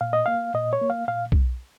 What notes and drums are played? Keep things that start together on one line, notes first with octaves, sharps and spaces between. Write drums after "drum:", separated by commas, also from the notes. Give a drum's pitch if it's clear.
A#2 F5
D#5
A#3 F5
A#2 D#5
C#5
A#3
F5
A#2 F5
drum: kick